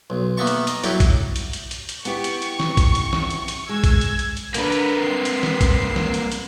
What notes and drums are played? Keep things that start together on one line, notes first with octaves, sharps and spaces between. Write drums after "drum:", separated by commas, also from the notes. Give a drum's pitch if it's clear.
B1
D#3 A#3 B3 E5 A5 C#6
drum: hi-hat
D#5 A#5, drum: hi-hat
F#3 D4 E4 G4 A4, drum: hi-hat
drum: kick A#1, hi-hat
drum: hi-hat
drum: hi-hat
drum: hi-hat
drum: hi-hat
B3 E4 G4 C#6, drum: hi-hat
drum: hi-hat
drum: hi-hat
drum: snare
drum: kick A#1, hi-hat
drum: hi-hat
drum: snare
drum: hi-hat
drum: hi-hat
G#3 E6 G#6
drum: kick A#1, hi-hat
drum: hi-hat
drum: hi-hat
drum: hi-hat
D3 A#3 A#4 B4, drum: hi-hat
drum: hi-hat
G3 C4 C7
drum: hi-hat
drum: snare
drum: kick A#1, hi-hat
drum: snare
drum: hi-hat
drum: hi-hat